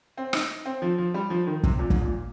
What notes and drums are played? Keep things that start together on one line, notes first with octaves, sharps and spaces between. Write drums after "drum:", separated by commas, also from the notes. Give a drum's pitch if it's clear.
C4
D#4, drum: rim click
C4
F3
F3
G3
F3
D#3
C3, drum: kick
A#2
G#2, drum: kick
A#2